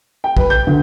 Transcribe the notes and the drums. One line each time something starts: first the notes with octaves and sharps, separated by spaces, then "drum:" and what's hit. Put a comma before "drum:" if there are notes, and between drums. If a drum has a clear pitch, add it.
G5
B4, drum: kick A#1
G6
D2